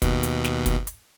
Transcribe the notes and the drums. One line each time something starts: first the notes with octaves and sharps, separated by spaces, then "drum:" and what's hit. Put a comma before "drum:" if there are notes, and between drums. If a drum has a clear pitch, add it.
D#2 B2, drum: kick, hi-hat
drum: hi-hat
drum: snare
drum: kick, hi-hat
drum: hi-hat